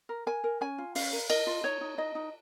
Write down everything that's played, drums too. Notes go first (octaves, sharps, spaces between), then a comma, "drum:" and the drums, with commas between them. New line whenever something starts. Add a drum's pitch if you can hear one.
A#4
A#4 G#5
A#4
C#4 G#5
F4
C#4 F5, drum: open hi-hat
A#4
A#4 D#5, drum: cymbal
F4
D#4 C#5
D#4
D#4 D#5
D#4